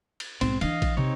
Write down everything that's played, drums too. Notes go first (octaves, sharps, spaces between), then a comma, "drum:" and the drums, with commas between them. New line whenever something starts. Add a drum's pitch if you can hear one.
drum: cymbal
B1 G#2 C4, drum: cymbal
E3 D4 D#5 F5, drum: cymbal
drum: kick A#1, cymbal
C3 C4 D#4 C#5